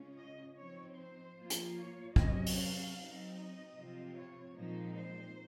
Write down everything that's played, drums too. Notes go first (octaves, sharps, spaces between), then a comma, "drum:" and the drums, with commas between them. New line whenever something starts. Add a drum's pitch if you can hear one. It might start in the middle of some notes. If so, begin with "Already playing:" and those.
Already playing: C#3 G#3 C#4 F4
D#5
F3 C4 D#4 C#5
C5
F3 A#3 F4
drum: hi-hat
C#5
C3 F#3 C#4 D#5, drum: kick
drum: open hi-hat
F5
F#3 C4 D#4
D#5
C3 F3 C4 F4
C#5
A#2 F3 G#3 C4 D#4
C5